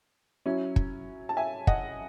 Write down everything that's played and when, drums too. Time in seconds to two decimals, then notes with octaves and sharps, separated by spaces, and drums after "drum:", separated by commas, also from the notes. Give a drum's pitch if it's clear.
0.46 F#3 C#4 E4
0.76 drum: kick
1.29 A5
1.37 E5 G#5
1.67 D#5 F#5, drum: kick